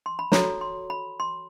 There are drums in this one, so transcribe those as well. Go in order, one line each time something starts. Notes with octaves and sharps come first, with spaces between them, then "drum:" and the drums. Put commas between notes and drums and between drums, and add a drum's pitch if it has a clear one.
C6
B5
F#4 A4 C#5 A#5, drum: snare
C6
B5
C6